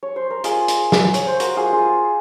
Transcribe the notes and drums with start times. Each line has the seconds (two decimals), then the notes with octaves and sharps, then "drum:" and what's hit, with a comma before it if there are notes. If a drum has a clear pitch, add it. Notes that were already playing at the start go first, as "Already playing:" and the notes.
0.03 C#5
0.16 C5
0.30 A#4
0.44 F4 G#4, drum: hi-hat
0.68 drum: hi-hat
0.92 drum: snare
1.14 C#5, drum: hi-hat
1.27 C5
1.40 F#4 A#4, drum: hi-hat
1.57 F4 G#4
1.72 F4 G#4